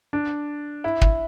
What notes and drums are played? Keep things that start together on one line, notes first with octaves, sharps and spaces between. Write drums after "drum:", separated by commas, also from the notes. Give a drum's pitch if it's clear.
D4
E4
drum: kick